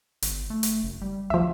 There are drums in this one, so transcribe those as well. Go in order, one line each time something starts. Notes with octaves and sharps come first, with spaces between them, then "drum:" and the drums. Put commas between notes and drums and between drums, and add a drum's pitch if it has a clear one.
G1, drum: hi-hat
A3
drum: hi-hat
F#1
G3
D2 F3 E5